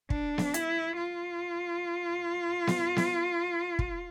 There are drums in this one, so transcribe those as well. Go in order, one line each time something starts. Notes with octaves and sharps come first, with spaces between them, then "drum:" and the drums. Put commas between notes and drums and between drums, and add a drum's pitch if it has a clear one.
D4, drum: kick
drum: snare B3
E4, drum: hi-hat
F4
drum: snare B3
drum: snare B3
drum: kick